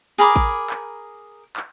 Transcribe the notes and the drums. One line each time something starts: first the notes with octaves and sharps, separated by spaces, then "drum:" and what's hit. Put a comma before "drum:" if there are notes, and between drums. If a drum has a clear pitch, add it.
G#4 A#4 B5 D6
drum: kick A1
drum: clap
drum: clap